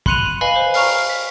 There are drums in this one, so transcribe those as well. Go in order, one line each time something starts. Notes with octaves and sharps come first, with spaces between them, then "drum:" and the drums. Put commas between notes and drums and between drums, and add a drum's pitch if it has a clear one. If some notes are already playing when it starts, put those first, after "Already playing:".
B5 C6 F#6 C#7 D#7 F7, drum: kick
D#7
B4 D#5 F5 G#5 B5
C5
A#5 C#6 F6 C7, drum: open hi-hat
B6